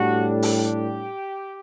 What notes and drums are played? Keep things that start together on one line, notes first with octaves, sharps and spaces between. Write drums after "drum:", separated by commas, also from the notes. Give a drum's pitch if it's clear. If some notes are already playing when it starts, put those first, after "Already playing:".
Already playing: A2 G3 D4 F#4
drum: open hi-hat
G4